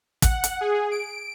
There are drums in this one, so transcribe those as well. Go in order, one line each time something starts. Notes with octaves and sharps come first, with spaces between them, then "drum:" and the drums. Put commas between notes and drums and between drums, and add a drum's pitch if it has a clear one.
F#5, drum: kick, hi-hat
drum: hi-hat
G#4
D7